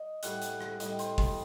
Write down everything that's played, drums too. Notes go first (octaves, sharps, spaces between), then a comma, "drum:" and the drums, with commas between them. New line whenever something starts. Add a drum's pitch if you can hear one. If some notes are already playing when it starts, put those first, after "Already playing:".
Already playing: D#5
A2 G3 F#5, drum: hi-hat
drum: hi-hat
drum: rim click
A2 G3 D#5, drum: hi-hat
C5, drum: hi-hat
C5, drum: kick, open hi-hat